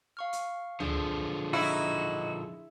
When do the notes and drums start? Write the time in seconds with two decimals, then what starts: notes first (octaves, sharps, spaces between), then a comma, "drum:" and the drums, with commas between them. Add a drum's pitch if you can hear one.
0.17 F5 C#6 F6
0.33 drum: hi-hat
0.80 D3 F3 D4 G#4, drum: tom C#2
1.53 D#4 E4 F#4